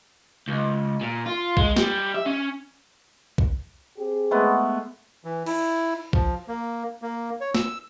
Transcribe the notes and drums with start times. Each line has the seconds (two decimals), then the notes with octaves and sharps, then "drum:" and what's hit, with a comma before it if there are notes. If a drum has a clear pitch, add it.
0.48 C#2
1.01 A#2
1.26 F4
1.57 G#3, drum: kick
1.77 G3, drum: snare
2.15 E5
2.26 C#4
3.38 drum: kick
3.98 C4 G4 G#4
4.31 G#3 A3 B3
5.25 E3
5.46 E4, drum: cymbal
6.13 F3, drum: kick
6.48 A#3
7.02 A#3
7.41 C#5
7.55 E6, drum: snare